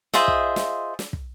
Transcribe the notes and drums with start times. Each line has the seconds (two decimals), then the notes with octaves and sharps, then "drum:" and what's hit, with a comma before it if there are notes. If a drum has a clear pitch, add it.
0.14 F4 G#4 C5 D#5 E5, drum: snare
0.28 drum: kick
0.56 drum: snare
0.99 drum: snare
1.13 drum: kick